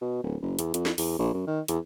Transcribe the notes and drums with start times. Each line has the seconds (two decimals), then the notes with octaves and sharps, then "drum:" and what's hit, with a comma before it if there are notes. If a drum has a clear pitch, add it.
0.01 B2
0.23 D1
0.42 F#1
0.59 E2, drum: hi-hat
0.74 F2, drum: hi-hat
0.86 drum: snare
0.98 E2, drum: open hi-hat
1.19 A#1
1.34 F#2
1.47 D#3
1.68 E2, drum: hi-hat